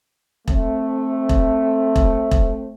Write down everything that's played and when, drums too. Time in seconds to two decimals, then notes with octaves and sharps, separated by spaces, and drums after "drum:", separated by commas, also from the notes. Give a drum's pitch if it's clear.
0.48 A3 C4, drum: kick E1
1.29 drum: kick E1
1.96 drum: kick E1
2.31 drum: kick E1